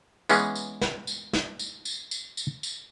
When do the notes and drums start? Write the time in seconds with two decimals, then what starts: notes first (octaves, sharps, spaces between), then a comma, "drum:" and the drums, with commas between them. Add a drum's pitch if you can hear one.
0.29 E3 G#3 B3 C#4 G#4, drum: tambourine
0.55 drum: tambourine
0.81 drum: snare
1.07 drum: tambourine
1.33 drum: snare
1.59 drum: tambourine
1.85 drum: tambourine
2.11 drum: tambourine
2.37 drum: tambourine
2.63 drum: tambourine